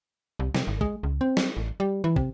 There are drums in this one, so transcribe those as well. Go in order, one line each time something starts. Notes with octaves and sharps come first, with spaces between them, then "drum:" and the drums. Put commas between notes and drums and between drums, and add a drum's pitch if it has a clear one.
C2
C3, drum: snare
G#1
G#3, drum: kick
C#2
C4
drum: snare
A1
G3
E3
C3, drum: kick